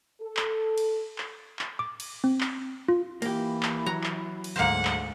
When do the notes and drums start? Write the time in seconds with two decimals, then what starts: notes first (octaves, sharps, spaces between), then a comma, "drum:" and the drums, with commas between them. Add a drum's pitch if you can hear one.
0.21 A4
0.37 drum: clap
0.78 drum: cymbal
1.18 drum: clap
1.59 drum: clap
1.79 D6
2.00 drum: cymbal
2.24 C4
2.41 drum: clap
2.89 F4
3.22 E3 A#3 E4 G4, drum: cymbal
3.63 drum: clap
3.86 F#3 A#5
4.04 drum: clap
4.44 drum: cymbal
4.56 D2 G#2 A#3 C5 F#5
4.85 drum: clap